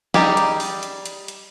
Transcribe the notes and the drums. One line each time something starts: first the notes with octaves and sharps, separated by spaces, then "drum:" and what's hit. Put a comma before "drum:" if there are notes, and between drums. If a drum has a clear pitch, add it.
G3 D#4 G4 G#4, drum: snare
drum: hi-hat
drum: open hi-hat
drum: hi-hat
drum: hi-hat
drum: hi-hat